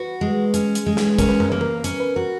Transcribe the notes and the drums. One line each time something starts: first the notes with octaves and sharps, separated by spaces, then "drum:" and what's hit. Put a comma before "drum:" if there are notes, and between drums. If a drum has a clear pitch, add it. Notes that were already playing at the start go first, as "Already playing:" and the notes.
Already playing: F#4 B4
G#3
C#4, drum: hi-hat
drum: hi-hat
G#3
drum: snare
C#4 A#4, drum: kick, hi-hat
B4
A#4, drum: tom
A#3 B4
A#4, drum: tom E3
C#4, drum: hi-hat
B4
F#4 A#4